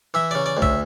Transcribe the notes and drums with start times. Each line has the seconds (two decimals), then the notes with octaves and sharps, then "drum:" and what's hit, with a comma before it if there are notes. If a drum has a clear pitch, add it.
0.14 E3 E5
0.31 C#3 D5
0.46 D5
0.57 D2
0.62 E5, drum: kick